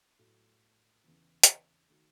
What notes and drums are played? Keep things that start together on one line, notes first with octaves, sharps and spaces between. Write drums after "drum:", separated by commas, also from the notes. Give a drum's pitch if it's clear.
A2 F#3 A3
E2 C#3 E3
drum: hi-hat
D#3 A3 D#4 F#4